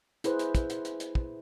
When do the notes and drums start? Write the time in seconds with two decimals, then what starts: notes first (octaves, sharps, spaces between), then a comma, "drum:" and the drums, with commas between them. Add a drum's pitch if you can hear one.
0.24 E4 G#4 B4 C5, drum: hi-hat
0.39 drum: hi-hat
0.55 drum: kick, hi-hat
0.70 drum: hi-hat
0.85 drum: hi-hat
1.00 drum: hi-hat
1.15 drum: kick